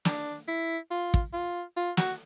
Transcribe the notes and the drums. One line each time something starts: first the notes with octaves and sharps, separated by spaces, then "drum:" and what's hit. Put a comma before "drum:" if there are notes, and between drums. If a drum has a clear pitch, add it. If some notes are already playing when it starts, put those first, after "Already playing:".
D4, drum: snare
E4
F4
drum: kick
F4
F4
F#4, drum: snare